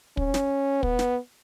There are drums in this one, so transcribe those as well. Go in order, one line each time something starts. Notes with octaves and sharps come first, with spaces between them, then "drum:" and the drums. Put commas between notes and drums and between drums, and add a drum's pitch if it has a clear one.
C#4, drum: kick
drum: snare
B3, drum: kick
drum: snare